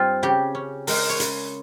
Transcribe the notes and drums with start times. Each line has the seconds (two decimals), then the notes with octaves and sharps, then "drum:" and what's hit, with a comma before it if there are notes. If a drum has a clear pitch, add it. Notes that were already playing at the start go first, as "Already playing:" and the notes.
Already playing: G2 G3 C4 F4
0.23 C#3 G4
0.55 C#4
0.87 G#3 A#4, drum: open hi-hat
1.09 C#5
1.20 C#3, drum: hi-hat